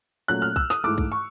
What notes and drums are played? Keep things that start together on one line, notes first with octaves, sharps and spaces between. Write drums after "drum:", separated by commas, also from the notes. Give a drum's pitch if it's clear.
A#2 F#3 A3 C#4 F#6
F6
E6, drum: kick B1
D#6, drum: snare
G#2 E3 A3 D6
drum: kick B1
C#6